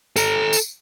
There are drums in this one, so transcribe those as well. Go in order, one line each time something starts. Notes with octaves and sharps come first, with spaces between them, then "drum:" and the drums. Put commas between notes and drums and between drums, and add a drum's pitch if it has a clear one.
A4 A#5, drum: tambourine
drum: tambourine